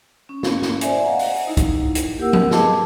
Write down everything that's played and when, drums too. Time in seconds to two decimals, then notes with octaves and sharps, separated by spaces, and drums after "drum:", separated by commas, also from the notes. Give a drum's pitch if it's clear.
0.29 C#4
0.43 drum: snare
0.62 drum: snare
0.81 C5 D5 E5 G#5, drum: hi-hat
1.04 D#5 F5 F#5 A#5
1.19 drum: open hi-hat
1.47 D#4 E4
1.57 drum: kick, hi-hat
1.95 drum: hi-hat
2.18 A#3 G4 A#4 F#5 E6
2.33 drum: tom F3
2.51 G#4 B4 D#5 A5 D6, drum: snare